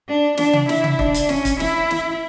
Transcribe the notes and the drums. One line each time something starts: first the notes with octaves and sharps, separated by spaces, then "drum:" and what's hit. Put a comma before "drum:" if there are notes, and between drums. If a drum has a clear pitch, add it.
D4
D4, drum: snare
drum: tom C3
E4, drum: snare
drum: tom C3
D4, drum: kick
drum: hi-hat
C#4, drum: snare
drum: kick, hi-hat
E4, drum: snare
drum: snare